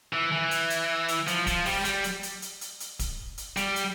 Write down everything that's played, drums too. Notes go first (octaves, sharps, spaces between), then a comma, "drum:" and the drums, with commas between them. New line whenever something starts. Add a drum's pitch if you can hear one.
E3
E3
drum: hi-hat
drum: hi-hat
drum: hi-hat
F3, drum: hi-hat
F3, drum: kick D1, hi-hat
G3, drum: open hi-hat
G3, drum: hi-hat
drum: hi-hat
drum: hi-hat
drum: hi-hat
drum: hi-hat
drum: hi-hat
drum: kick D1, hi-hat
drum: hi-hat
G3, drum: hi-hat
drum: hi-hat